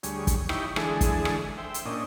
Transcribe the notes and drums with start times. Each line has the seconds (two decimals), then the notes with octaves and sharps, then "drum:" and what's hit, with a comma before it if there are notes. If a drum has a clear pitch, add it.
0.03 D2 G3 G#4 C#5, drum: hi-hat
0.27 drum: kick, hi-hat
0.49 D#4 E4 G4 C#5 G5 B5, drum: rim click
0.76 D3 E3 G#3 G#4 A4, drum: rim click
1.01 drum: kick, hi-hat
1.25 drum: rim click
1.58 C5 E5 G5
1.74 drum: hi-hat
1.86 A#2 C#4 D4 D#5